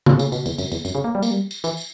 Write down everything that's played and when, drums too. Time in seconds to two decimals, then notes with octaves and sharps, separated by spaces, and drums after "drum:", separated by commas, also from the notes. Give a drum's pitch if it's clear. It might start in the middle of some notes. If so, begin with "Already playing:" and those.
0.06 A#2, drum: tom C#3
0.19 C#3, drum: tambourine
0.32 B2, drum: tambourine
0.46 E2, drum: tambourine
0.58 F#2, drum: tambourine
0.72 E2, drum: tambourine
0.85 F#2, drum: tambourine
0.95 C#3
1.04 A#3
1.15 G3
1.22 A#3, drum: tambourine
1.31 G3
1.51 drum: tambourine
1.64 E3, drum: tambourine
1.77 drum: tambourine